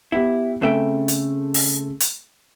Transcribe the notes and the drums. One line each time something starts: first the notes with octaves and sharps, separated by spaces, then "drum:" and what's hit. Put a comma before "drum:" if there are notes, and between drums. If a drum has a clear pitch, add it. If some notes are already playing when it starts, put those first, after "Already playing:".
B3 E4 G4
C#3 A3 C4 E5 G5
drum: hi-hat
drum: open hi-hat
drum: hi-hat